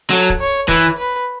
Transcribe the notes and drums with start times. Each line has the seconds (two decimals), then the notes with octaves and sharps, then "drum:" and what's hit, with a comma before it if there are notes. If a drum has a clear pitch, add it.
0.10 F#3 A4
0.30 drum: kick
0.40 C#5
0.69 E3 B4, drum: kick
0.98 B4